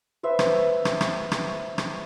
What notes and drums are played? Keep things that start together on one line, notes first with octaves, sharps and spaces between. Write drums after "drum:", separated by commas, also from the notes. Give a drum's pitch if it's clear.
B4 C5 E5
drum: rim click
drum: rim click
drum: rim click
drum: rim click
drum: rim click